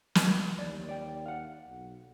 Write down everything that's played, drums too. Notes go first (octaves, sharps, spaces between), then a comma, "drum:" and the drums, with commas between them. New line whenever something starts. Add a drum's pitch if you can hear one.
C2, drum: snare
D#2 D5
D5 G5
F5 F#5
B1